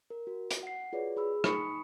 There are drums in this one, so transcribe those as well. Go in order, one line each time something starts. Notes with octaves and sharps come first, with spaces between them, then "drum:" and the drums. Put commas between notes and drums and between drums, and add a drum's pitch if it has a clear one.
A#4
F#4
drum: hi-hat
F#5 C7
F4 F#4 G#4 B4 C#5 D5
G#4 B5 E6
D#4 G#5 B5 C#6 D#6 C#7, drum: rim click